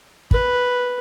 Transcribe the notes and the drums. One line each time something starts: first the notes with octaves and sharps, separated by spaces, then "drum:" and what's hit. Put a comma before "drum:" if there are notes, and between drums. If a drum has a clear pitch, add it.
B4, drum: kick